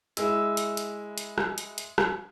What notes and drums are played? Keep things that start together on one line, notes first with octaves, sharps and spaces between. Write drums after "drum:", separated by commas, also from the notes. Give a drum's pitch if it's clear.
G#3 E4 E5, drum: hi-hat
drum: hi-hat
drum: hi-hat
drum: hi-hat
drum: rim click
drum: hi-hat
drum: hi-hat
drum: rim click